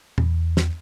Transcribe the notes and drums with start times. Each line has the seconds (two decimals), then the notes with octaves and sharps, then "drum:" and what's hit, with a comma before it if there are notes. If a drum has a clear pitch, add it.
0.18 E2, drum: tom
0.57 drum: snare